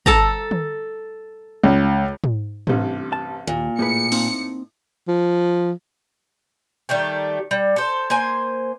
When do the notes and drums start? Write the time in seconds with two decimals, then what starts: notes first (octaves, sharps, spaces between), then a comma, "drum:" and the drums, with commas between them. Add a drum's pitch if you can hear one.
0.06 A4 A5 A#5, drum: kick
0.51 drum: tom
1.63 C#2
2.24 drum: tom
2.67 A1 G2 C3, drum: tom
3.13 A5
3.47 D#2 A#2
3.79 A2 A#3 G#4 B4 C#7
4.12 A#3 C4 D#4, drum: open hi-hat
5.08 F3
6.89 D#3 G3 A3 G4
7.51 G3
7.76 A4 C5
8.10 A#3 C5 G#5